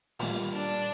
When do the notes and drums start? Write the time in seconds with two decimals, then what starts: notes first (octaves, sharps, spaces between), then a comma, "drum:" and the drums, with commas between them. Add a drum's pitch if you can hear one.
0.19 A#2 G3, drum: open hi-hat
0.53 D4